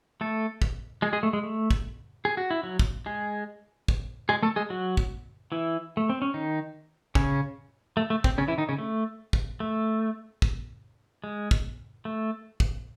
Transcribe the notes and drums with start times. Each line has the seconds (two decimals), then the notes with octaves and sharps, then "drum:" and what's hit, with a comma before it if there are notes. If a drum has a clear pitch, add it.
0.21 A3 A4
0.62 drum: kick
1.02 G#3 G#4
1.13 G#3 G#4
1.23 A3
1.33 G#3
1.43 A3
1.71 drum: kick
2.25 G#4
2.37 F#4
2.51 E4
2.63 F#3 F#4
2.79 drum: kick
3.06 G#3 G#4
3.88 drum: kick
4.29 G#3 G#4
4.43 A3 A4
4.56 G#3 G#4
4.70 F#3 F#4
4.97 drum: kick
5.52 E3 E4
5.97 A3
6.10 C4
6.22 C#4
6.34 D#3 D#4
7.15 C#3 C#4, drum: kick
7.97 A3
8.10 A3
8.24 C4, drum: kick
8.38 C#3 C#4
8.48 E3 E4
8.58 D#3 D#4
8.69 C#3 C#4
8.78 A3
9.33 drum: kick
9.60 A3
10.42 drum: kick
11.24 G#3
11.51 drum: kick
12.05 A3
12.60 drum: kick